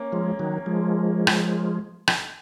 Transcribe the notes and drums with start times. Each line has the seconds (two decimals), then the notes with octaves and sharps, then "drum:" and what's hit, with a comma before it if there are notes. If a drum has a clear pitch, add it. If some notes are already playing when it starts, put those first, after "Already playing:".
Already playing: A#3 C#4
0.12 F3 G#3
0.39 D#3 F#3
0.66 F3 G#3
1.27 drum: rim click
2.08 drum: rim click